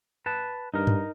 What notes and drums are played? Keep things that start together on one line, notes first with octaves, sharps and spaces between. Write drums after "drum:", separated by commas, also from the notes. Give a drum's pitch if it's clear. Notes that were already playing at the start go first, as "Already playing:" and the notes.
B4 A5
G2 D#4 A#4
drum: tom G2